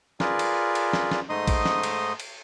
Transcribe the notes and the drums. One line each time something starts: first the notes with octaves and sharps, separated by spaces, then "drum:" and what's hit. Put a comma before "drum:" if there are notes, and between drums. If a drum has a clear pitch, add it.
F4 G#4 A#4 B4 D5, drum: snare
drum: cymbal
drum: cymbal
drum: snare
drum: snare
G#2 A3 D#4 D#5 C6 D#6
drum: kick, cymbal
drum: snare
drum: cymbal
drum: cymbal